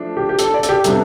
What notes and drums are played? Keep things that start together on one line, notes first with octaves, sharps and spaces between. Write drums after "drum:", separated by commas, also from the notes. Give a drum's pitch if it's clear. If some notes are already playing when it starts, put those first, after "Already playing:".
Already playing: F3 A3 D4
G4
G4
A4, drum: hi-hat
D5
A4, drum: hi-hat
G4
C3 G3 B3 D4 A4, drum: hi-hat